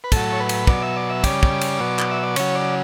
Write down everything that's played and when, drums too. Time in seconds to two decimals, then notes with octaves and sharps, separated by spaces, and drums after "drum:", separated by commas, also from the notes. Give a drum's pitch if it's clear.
0.04 B4
0.12 A2 F#3 A4, drum: kick, cymbal
0.32 C#5
0.40 B4
0.49 drum: cymbal
0.67 B2 F#3 D5, drum: kick
0.82 E5
0.97 D5
1.10 E5
1.24 C#3 G3 D5, drum: kick, cymbal
1.43 drum: kick
1.61 drum: cymbal
1.80 B2 F#3
1.99 drum: clap
2.11 E5
2.23 D5
2.36 C#3 F#3 C#5, drum: cymbal
2.55 D5